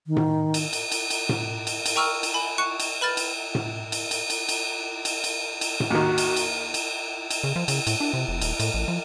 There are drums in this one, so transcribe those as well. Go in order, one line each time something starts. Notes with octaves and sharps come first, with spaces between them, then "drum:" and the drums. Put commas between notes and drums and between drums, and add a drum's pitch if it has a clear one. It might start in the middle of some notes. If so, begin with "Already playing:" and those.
D#3
drum: tom A2
drum: cymbal
drum: cymbal
drum: cymbal
drum: cymbal
drum: tom A2
drum: cymbal
drum: cymbal
A#4 G5 A#5 C#6 E6 F6
drum: cymbal
G#5 B5
C#6 F#6 C#7
drum: cymbal
B4 B5 F6 A6
drum: cymbal
drum: tom A2
drum: cymbal
drum: cymbal
drum: cymbal
drum: cymbal
drum: cymbal
drum: cymbal
drum: cymbal
drum: tom A2
D#2 D#3 F#4
drum: cymbal
drum: cymbal
drum: cymbal
drum: cymbal
C#3
F3
C#3, drum: cymbal
A2, drum: cymbal
D4
C3
F1
D#1, drum: cymbal
A2, drum: cymbal
A1
F3